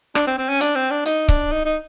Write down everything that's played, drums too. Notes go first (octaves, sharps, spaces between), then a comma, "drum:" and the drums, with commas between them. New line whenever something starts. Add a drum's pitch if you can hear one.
D4, drum: rim click
C4
C4
C#4
D4, drum: hi-hat
C4
D4
D#4, drum: hi-hat
D4, drum: kick C#1
D#4
D#4